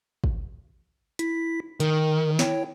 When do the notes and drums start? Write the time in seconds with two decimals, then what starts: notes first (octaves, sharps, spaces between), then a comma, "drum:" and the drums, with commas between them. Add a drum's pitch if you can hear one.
0.24 drum: kick
1.19 E4 B6, drum: hi-hat
1.80 D#3 A#4, drum: hi-hat
2.39 E4 C#5 G5, drum: snare